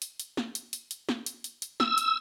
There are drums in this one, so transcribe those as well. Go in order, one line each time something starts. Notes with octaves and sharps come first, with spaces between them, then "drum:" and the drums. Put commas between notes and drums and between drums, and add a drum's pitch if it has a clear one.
drum: hi-hat
drum: hi-hat
drum: snare
drum: hi-hat
drum: hi-hat
drum: hi-hat
drum: snare
drum: hi-hat
drum: hi-hat
drum: hi-hat
E6, drum: snare
drum: hi-hat